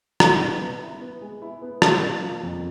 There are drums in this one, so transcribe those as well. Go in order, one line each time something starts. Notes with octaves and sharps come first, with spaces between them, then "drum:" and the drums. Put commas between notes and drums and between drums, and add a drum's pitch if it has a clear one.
D#3, drum: rim click
B3
B3
E4
B3
G#3
E4
B3
A#3, drum: rim click
A#3
F3
F2